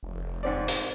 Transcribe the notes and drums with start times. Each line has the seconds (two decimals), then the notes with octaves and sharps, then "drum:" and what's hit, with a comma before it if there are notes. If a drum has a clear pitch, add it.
0.03 F1
0.43 G#2 C4 D5
0.68 drum: hi-hat